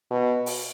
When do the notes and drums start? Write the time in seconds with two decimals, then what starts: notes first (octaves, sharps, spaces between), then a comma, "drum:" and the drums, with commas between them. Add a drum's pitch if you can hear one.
0.11 B2
0.46 drum: open hi-hat